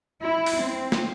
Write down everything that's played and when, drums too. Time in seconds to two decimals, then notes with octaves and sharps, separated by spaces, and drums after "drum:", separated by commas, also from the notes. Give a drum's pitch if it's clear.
0.24 E4
0.46 drum: open hi-hat
0.61 C4
0.92 drum: snare